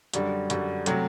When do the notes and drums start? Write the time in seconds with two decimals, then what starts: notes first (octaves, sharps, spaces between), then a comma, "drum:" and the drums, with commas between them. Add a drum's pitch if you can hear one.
0.14 F#2 D3 G3, drum: hi-hat
0.50 F#2 D3 G3, drum: hi-hat
0.86 C3 F#3 A3, drum: hi-hat